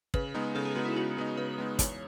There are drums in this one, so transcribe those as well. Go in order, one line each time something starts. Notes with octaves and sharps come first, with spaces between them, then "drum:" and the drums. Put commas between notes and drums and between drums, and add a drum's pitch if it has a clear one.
C#3 B4, drum: kick
G#3 B3 D#4
C#3 A4
G#4
G#3 B3 D#4 F#4
E4
C#3 F#4
G#3 B3 D#4
C#3 B4
G#3 B3 D#4
E2 C#5, drum: kick, hi-hat